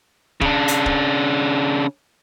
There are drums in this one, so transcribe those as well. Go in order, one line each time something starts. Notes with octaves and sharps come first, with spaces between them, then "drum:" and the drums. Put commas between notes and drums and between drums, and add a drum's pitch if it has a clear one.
C#3 D4, drum: kick
drum: hi-hat
drum: kick